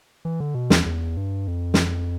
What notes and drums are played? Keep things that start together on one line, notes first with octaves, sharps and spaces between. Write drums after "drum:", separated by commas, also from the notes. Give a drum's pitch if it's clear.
E3
D3
B2
E2, drum: snare
E2
G2
F2
drum: snare